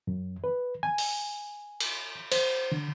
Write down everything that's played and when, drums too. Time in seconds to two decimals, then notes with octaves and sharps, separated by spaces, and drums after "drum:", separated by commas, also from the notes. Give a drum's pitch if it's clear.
0.07 F#2
0.44 B4
0.83 G#5
0.98 drum: open hi-hat
1.80 drum: cymbal
2.32 C5, drum: cymbal
2.72 D3